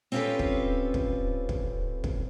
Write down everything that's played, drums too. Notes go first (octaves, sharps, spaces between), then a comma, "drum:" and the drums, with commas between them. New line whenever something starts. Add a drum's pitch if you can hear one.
C4 C#4 F4 G4 A4 B4
drum: kick
drum: kick
drum: kick
drum: kick